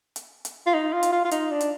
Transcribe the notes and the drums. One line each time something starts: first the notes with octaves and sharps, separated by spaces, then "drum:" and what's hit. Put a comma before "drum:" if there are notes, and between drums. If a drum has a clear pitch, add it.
drum: hi-hat
drum: hi-hat
F4
D#4
F4
drum: hi-hat
F4
F4
D#4, drum: hi-hat
D4
drum: hi-hat